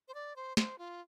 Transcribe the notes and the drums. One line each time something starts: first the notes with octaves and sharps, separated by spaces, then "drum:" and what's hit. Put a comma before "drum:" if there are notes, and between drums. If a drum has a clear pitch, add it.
C5
D5
C5
C5, drum: snare
F4